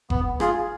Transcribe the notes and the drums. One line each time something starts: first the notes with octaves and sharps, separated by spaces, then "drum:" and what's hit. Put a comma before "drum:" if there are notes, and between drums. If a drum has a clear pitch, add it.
B3, drum: kick F#1
F4 G#4, drum: rim click